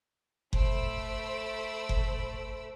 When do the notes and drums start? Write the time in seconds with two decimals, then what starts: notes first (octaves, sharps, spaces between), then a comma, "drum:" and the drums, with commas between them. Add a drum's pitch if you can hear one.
0.53 A3 C5 B5 E6 D7, drum: kick F#1
1.89 drum: kick F#1